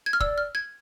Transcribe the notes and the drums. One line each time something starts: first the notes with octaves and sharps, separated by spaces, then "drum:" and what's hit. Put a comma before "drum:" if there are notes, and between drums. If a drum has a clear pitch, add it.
G#6
F6
D5 E6, drum: kick
F6
G#6